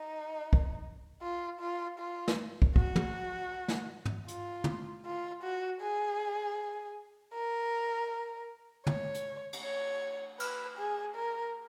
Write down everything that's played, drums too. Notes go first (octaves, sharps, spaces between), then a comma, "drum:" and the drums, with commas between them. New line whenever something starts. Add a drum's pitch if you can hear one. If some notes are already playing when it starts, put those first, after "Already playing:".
Already playing: D#4
drum: kick
F4
F4
F4
drum: snare
drum: kick
F#4, drum: kick
drum: tom
drum: snare
drum: tom
F4, drum: hi-hat
drum: tom
F4
F#4
G#4
A#4
C#5, drum: tom
drum: hi-hat
drum: cymbal
C#5
B4, drum: cymbal
G#4
A#4